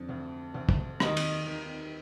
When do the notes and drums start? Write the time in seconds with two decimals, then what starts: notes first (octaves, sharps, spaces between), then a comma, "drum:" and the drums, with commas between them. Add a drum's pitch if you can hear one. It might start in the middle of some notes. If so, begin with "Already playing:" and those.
Already playing: F2 D3
0.09 D2
0.54 D2
0.69 drum: kick
1.00 D#2 D#3, drum: rim click
1.17 drum: cymbal
1.47 D#3